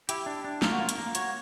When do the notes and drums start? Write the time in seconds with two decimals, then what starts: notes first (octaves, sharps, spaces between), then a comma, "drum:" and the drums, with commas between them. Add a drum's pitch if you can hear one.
0.09 E4 G4, drum: hi-hat
0.26 D4
0.44 D4
0.62 F4 A#4, drum: snare
0.71 F#4
0.79 A#3 F4
0.89 drum: hi-hat
0.98 A#3
1.15 F#4 C#5, drum: hi-hat